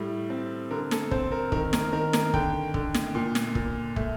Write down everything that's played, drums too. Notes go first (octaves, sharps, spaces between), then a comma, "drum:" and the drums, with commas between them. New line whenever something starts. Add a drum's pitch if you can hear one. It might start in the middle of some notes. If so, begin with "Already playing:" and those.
Already playing: A2 G3
C4
D3 A#4
A4, drum: snare
C4 C5, drum: kick
A#4
D#3 A#4, drum: kick
A#4, drum: snare
D#3 A#4
A#4, drum: snare
D3 G5, drum: kick
D3, drum: kick
drum: snare
A#2
drum: snare
A#2, drum: kick
A3, drum: kick